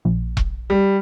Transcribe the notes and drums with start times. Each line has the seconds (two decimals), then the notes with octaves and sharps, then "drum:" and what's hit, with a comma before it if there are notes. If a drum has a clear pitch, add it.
0.05 A#1
0.37 drum: kick E1
0.70 G3